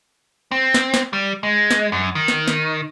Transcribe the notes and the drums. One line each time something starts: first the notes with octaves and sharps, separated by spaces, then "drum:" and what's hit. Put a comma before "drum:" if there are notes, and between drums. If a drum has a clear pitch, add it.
C4
drum: snare
drum: snare
G3
G#3
drum: snare
F#2
D#3
drum: snare
drum: snare